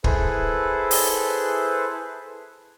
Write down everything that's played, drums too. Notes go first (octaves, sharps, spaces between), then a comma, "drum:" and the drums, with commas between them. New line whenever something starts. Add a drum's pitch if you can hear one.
E4 G#4 A4 B4 C5, drum: kick
drum: open hi-hat